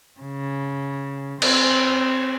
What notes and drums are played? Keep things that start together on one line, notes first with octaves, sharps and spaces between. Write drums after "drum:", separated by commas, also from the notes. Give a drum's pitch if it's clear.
C#3
C4, drum: cymbal